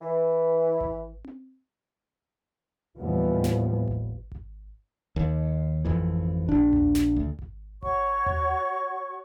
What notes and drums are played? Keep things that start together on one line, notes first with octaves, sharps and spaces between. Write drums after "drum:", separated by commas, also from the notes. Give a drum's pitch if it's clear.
E3
drum: kick G#1
drum: tom C4
D#2 A2 E3 F3 G3 B3
drum: snare
drum: kick G#1
drum: kick G#1
D#2
G#1 F2 E3
A#1 D4
drum: tom D#2
drum: snare
D2
drum: kick G#1
F#4 C#5 F#5 C#6, drum: kick G#1
drum: tom D#2